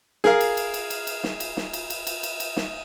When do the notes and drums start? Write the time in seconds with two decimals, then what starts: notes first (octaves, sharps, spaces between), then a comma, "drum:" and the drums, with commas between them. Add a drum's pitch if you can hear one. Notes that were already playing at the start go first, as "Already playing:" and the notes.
0.24 G#4 A#4 F5, drum: snare
0.41 drum: cymbal
0.57 drum: cymbal
0.74 drum: cymbal
0.90 drum: cymbal
1.07 drum: cymbal
1.24 drum: snare
1.40 drum: cymbal
1.57 drum: snare
1.73 drum: cymbal
1.90 drum: cymbal
2.07 drum: cymbal
2.23 drum: cymbal
2.40 drum: cymbal
2.57 drum: snare